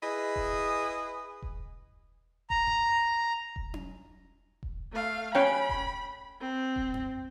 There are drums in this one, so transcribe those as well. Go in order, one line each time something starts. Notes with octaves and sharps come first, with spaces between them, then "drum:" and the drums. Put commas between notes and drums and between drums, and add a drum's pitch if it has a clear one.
E4 G#4 B4 D#5
drum: kick E1
drum: kick E1
A#5, drum: kick E1
drum: tom F2
drum: kick E1
drum: tom C#4
drum: kick E1
A3 F5
C#4 C#5 G5 B5
drum: kick E1
C4
drum: kick E1
drum: tom F2